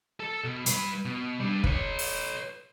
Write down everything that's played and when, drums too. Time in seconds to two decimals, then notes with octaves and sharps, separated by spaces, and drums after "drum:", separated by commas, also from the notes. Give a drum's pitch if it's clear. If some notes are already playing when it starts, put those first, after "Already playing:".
0.20 A4 A5
0.44 B2
0.66 G2 B4, drum: hi-hat
1.05 B2
1.40 G3 D4
1.64 B4 C#5, drum: kick
1.99 drum: open hi-hat